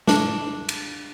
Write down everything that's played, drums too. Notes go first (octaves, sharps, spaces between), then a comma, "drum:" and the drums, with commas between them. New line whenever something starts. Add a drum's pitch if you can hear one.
D4, drum: snare
drum: cymbal